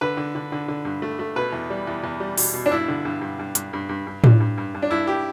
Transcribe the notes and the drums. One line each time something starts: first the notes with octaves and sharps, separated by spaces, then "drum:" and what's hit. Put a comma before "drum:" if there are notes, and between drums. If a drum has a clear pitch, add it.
D3 B4
D3
D3
D3
D3
G2
A3
A3
B2 B4
E2
G3
E2
E2
G3
B2, drum: open hi-hat
B2
D4
G2 E4
D3
G2
G2
G2
G2, drum: hi-hat
G2
G2
G2
G2, drum: tom A2
G2
G2
G2
D4
G2 E4
G4